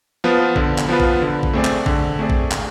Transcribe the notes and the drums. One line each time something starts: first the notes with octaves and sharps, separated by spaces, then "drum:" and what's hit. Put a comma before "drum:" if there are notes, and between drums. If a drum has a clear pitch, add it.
F3 B3 F4 B4
D3, drum: kick A1
drum: clap
F3 B3 F4 B4
drum: kick A1
D3
drum: kick A1
A3 C4 G#4 D5
drum: clap
D3, drum: kick A1
A3 C4 G#4 D5
drum: kick A1
drum: clap